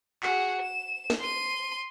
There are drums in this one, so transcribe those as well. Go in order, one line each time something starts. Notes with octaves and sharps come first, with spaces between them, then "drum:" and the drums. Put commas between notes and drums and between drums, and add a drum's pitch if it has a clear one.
F#4 G#4, drum: clap
E7
drum: snare
C6 D#7